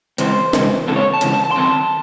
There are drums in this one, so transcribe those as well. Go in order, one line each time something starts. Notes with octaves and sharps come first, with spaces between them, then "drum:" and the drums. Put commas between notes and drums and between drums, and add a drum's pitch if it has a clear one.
C#3 E3 G#3 C4 C5, drum: hi-hat
C#3 E3 G#3 C4, drum: snare
C#3 E3 G#3 C4 A4
C#5
A5
C#3 E3 G#3 C4, drum: hi-hat
A5
A5
C6
D#3 F#3 C4 A5